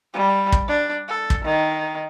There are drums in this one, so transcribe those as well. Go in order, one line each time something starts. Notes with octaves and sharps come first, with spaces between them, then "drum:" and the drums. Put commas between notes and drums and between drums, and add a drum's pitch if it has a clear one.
G3
drum: kick
D4
A4
drum: kick
D#3